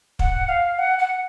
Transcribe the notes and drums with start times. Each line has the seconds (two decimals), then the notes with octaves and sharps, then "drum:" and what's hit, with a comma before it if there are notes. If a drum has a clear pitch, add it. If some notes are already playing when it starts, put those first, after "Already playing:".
0.19 F#5, drum: kick
0.48 F5
0.78 F#5
0.98 F#5